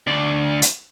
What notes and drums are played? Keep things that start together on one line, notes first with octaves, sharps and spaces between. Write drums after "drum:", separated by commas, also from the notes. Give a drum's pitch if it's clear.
D2 D4
drum: hi-hat